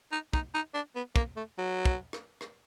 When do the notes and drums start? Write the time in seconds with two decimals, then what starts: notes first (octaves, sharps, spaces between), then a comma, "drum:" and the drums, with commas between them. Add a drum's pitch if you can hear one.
0.12 D#4
0.33 D#4, drum: kick
0.54 D#4
0.74 D4
0.95 B3
1.16 A#3, drum: kick
1.36 A3
1.58 F#3
1.85 drum: kick
2.13 drum: rim click
2.41 drum: rim click